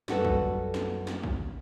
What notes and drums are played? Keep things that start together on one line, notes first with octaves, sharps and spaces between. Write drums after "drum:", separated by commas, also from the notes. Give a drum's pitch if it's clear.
F#2 G3 F#4 A4 B4, drum: snare
drum: kick
drum: snare
drum: snare
drum: kick